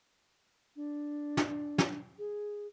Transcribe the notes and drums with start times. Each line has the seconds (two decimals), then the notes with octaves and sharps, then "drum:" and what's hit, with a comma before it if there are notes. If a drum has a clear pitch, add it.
0.75 D4
1.37 drum: snare
1.78 drum: snare
2.18 G#4